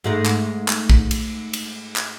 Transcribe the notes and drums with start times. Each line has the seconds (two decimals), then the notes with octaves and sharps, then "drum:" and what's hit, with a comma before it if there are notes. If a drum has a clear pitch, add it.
0.04 G#2 G#3 A3
0.26 drum: clap
0.68 drum: clap
0.90 drum: kick
1.11 drum: cymbal
1.53 drum: cymbal
1.96 drum: clap